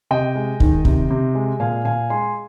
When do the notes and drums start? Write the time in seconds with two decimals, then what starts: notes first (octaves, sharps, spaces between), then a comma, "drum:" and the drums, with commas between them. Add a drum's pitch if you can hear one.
0.11 C3 D#5 G5
0.36 G#3
0.60 D#3, drum: kick
0.85 C3, drum: kick
1.10 C3
1.35 G#3
1.60 A#2 F5 G#5
1.85 A#2 F5 G#5
2.10 G#3 G#5 C6